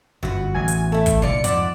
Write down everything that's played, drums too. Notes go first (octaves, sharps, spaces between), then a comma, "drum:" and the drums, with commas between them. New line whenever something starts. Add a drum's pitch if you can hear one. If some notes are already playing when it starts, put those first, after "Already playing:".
G1 F#2 F#4 B4
A1 E2 G#5
drum: hi-hat
A3 E4 E5 A5
drum: kick, hi-hat
C2 A#2 D3 F4 D5 C#7
F2 G#2 F3 D5 E5 F#5, drum: hi-hat